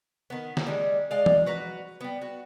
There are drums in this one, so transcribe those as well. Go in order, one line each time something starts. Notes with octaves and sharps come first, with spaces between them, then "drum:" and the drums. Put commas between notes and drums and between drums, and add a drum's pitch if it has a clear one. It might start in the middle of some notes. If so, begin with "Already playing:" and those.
D#3 B3
drum: snare
G3 G#3
G#3 D5 D#5 F5
drum: tom E3
F#4 B4 A#5
G3 B3
F#4